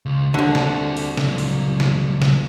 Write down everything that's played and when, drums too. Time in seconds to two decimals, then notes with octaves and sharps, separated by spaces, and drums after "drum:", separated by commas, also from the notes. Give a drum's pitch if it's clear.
0.06 C#2
0.34 C2 D3 D4 F#4
0.55 drum: snare
0.97 drum: open hi-hat
1.17 drum: snare
1.27 C#2 F#3
1.38 drum: open hi-hat
1.80 drum: snare
2.22 drum: snare